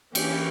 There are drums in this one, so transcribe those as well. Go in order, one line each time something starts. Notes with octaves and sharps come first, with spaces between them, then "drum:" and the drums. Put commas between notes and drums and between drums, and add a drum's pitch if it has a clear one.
E3 A#3 C#4 G4, drum: cymbal